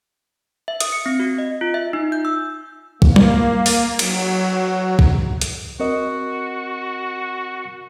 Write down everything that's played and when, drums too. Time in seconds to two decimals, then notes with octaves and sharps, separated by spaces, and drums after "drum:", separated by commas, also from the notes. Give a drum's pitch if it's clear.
0.68 E5
0.80 D#6, drum: hi-hat
0.92 C#7
1.06 C4
1.20 F#4
1.38 D#5
1.61 F4
1.74 E5
1.93 D#4
2.12 G6
2.25 E6
3.02 A#3, drum: kick
3.16 drum: tom
3.66 drum: open hi-hat
3.99 F#3, drum: cymbal
4.99 drum: kick
5.41 drum: hi-hat
5.80 C4 F#4 A#4 D#5